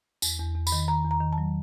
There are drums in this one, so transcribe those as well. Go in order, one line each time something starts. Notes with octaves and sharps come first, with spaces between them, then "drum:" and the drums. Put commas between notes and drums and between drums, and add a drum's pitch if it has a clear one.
E2, drum: tambourine
E2
E2
B5, drum: tambourine
D#3
D#3 A#5
E2
A#5
D#3
A5
F#3